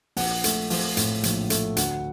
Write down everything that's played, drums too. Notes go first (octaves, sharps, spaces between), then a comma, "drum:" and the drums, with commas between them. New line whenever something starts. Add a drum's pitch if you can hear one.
A#1 F#5, drum: open hi-hat
A3, drum: hi-hat
F3, drum: open hi-hat
A2, drum: hi-hat
A#1, drum: hi-hat
A3, drum: hi-hat
D2 F#5, drum: hi-hat